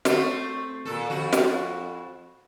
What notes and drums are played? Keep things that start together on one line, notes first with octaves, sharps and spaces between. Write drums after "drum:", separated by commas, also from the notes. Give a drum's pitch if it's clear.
A3 C4, drum: snare
A#2 A4
F2 F#4
drum: snare